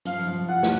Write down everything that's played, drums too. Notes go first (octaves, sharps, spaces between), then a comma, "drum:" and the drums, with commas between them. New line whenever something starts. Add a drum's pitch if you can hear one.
F3 F5, drum: hi-hat
F3
F4 F#5
drum: snare